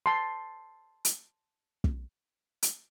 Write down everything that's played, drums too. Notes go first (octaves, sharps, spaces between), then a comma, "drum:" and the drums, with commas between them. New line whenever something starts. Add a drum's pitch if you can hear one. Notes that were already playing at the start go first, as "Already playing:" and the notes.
A5 C6
drum: hi-hat
drum: kick
drum: hi-hat